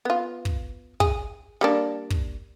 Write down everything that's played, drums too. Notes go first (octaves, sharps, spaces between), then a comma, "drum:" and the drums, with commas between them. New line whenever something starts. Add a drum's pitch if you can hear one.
B3 F4
drum: kick
G#4, drum: kick
G3 A#3 D4
drum: kick